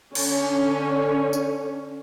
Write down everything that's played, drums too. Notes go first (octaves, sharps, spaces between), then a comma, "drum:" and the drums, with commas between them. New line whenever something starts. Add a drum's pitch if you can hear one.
D3 C#4, drum: cymbal
drum: tambourine